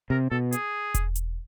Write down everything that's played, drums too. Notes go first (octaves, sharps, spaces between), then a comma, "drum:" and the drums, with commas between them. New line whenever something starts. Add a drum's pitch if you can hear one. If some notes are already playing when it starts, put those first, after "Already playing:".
C3 A#4
B2 A4
G#4, drum: hi-hat
drum: kick E1, hi-hat
drum: hi-hat